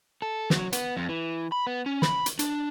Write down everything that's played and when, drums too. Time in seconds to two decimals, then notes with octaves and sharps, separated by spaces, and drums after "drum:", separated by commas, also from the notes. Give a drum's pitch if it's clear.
0.22 A4
0.50 F#3, drum: snare
0.73 B3, drum: hi-hat
0.97 F2
1.09 E3
1.52 B5
1.67 B3
1.86 C#4
2.02 B5, drum: snare
2.26 drum: hi-hat
2.39 D4, drum: hi-hat